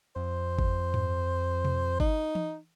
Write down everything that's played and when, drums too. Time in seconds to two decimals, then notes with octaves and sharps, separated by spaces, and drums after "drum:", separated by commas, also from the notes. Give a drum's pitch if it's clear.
0.16 F2 C5
0.59 drum: kick G1
0.94 drum: tom G2
1.65 drum: tom B2
2.00 D#4, drum: kick G1
2.35 drum: tom E3